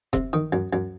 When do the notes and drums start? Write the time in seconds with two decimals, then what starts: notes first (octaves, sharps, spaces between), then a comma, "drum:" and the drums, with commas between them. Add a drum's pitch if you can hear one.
0.13 C3, drum: kick E1
0.33 D#3
0.53 F#2
0.73 F#2